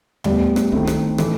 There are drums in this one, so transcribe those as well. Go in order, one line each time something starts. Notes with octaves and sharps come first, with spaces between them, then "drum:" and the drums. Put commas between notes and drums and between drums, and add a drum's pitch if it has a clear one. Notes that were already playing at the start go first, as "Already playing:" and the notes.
A2 G3 B3, drum: tom D#2
drum: rim click
D#3 A3 C4 E4, drum: kick
drum: rim click
A2 E3 A3, drum: rim click